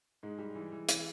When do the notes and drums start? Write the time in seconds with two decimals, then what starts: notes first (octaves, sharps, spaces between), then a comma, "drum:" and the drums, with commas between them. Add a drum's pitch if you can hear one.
0.23 G#2 G#3
0.39 G3
0.55 E3
0.72 E3
0.89 E3, drum: hi-hat